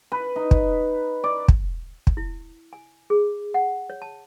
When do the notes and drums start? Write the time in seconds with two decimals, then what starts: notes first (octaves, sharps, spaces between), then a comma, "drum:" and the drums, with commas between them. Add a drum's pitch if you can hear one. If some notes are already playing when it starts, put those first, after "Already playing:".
0.12 B4
0.36 D#4
0.51 drum: kick
1.24 D5
1.48 drum: kick
2.07 drum: kick
2.17 E4
2.73 G#5
3.10 G#4
3.54 F#5
3.90 C#5
4.02 A5